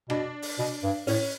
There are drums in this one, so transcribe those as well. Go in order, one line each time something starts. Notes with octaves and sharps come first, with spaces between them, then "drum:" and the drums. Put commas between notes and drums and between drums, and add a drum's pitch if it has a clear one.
B2 D4, drum: rim click
drum: open hi-hat
B2
G2
A2 C#4, drum: open hi-hat